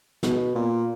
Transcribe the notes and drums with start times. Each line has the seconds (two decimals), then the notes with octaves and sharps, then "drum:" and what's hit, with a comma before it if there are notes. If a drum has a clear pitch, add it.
0.23 B2, drum: snare
0.55 A#2